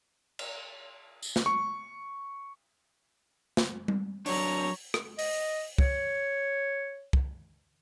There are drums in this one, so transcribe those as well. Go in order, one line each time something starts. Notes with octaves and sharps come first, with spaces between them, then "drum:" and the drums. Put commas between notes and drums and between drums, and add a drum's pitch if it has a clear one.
drum: cymbal
drum: tambourine
drum: snare
C#6
drum: snare
drum: tom G3
F#3 D4 C#5 A#5, drum: open hi-hat
drum: rim click
D#5, drum: open hi-hat
C#5, drum: kick
drum: kick